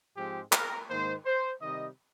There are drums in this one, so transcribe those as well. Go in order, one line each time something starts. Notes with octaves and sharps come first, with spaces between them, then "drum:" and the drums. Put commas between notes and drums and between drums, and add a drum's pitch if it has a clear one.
G#2 F3 G#3 C4 G4
A#4, drum: clap
G#2 D#3 A#3 C5
C5
C3 D#3 G3 D#5